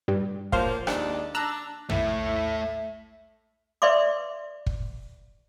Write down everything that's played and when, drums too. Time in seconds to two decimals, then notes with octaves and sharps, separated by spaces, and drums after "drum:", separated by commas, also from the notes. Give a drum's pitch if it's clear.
0.08 G2 G3
0.52 F3 F#3 A#3 C5 F5, drum: kick
0.87 D#2 G#3 D4, drum: rim click
1.35 D4 A#5 E6 F#6
1.89 A3 E4 E5, drum: tom
3.82 B4 D5 E5 C6 D6
4.66 drum: kick